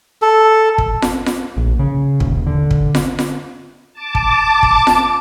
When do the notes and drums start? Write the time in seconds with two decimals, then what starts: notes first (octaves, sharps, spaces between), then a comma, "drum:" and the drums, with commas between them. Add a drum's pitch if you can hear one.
0.22 A4
0.78 drum: kick
1.02 drum: snare F4
1.26 drum: snare F4
1.57 A#1
1.79 C#3
2.20 D#1, drum: kick
2.47 D3
2.71 drum: kick
2.95 drum: snare F4
3.19 drum: snare F4
3.93 A5 D6
4.15 drum: kick
4.63 drum: kick
4.87 drum: snare F4